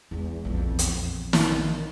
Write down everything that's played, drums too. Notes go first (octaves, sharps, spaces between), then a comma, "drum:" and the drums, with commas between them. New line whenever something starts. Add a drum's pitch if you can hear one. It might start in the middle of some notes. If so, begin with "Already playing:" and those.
E2 E3 G#3
A#1 F2
drum: hi-hat
drum: snare
D#3